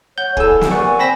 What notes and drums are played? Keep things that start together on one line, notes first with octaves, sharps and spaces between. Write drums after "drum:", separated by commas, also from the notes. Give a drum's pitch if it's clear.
C#5 F#5 G6
E2 A4 G#5 E6, drum: kick
drum: snare
A#2 D5 F#5 G#5 C#6
C4 B5 A#6 B6